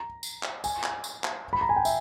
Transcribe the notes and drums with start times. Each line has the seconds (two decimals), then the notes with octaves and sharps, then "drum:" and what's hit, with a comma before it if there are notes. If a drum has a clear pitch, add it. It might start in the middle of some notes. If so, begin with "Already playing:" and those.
Already playing: A#5
0.23 drum: tambourine
0.43 drum: clap
0.64 G#5, drum: tambourine
0.84 drum: clap
1.04 drum: tambourine
1.24 drum: clap
1.53 B5
1.61 A#5
1.69 G#5
1.76 G5
1.85 E5, drum: tambourine